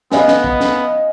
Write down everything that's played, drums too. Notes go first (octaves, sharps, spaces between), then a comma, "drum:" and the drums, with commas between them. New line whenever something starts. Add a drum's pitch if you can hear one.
B3 D#5 F5 G#5, drum: snare
drum: snare
drum: kick
drum: snare